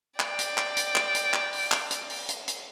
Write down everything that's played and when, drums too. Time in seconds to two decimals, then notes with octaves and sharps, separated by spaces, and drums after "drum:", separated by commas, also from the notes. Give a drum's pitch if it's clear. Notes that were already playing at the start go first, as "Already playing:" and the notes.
0.20 D5 G5, drum: clap
0.39 drum: hi-hat
0.58 drum: clap
0.77 drum: hi-hat
0.96 drum: clap
1.15 drum: hi-hat
1.34 drum: clap
1.53 drum: open hi-hat
1.72 drum: clap
1.91 drum: hi-hat
2.10 drum: open hi-hat
2.29 drum: hi-hat
2.48 drum: hi-hat